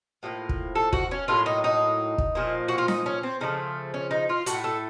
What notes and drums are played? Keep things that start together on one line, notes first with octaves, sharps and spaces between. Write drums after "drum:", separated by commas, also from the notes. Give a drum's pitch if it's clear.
A2 F3 A#3
drum: kick
A4
F#4, drum: kick
C#4
A2 F#3 A#3 F4
D#4
D#4
drum: kick
A#2 F3 A#3
F#4
F4
D#4, drum: snare
C#4
C4
C#3 F3 A3 D#4
C#4
D#4
F4
A2 A3 F#4, drum: hi-hat
A4